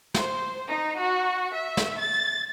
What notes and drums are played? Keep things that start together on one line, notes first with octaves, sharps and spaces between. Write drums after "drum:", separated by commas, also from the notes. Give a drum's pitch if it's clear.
C5, drum: snare
D#4
F#4
E5
drum: snare
A6